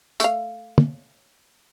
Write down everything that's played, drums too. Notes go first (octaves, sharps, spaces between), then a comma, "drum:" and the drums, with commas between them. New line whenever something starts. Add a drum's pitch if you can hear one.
A3 F5, drum: hi-hat
drum: tom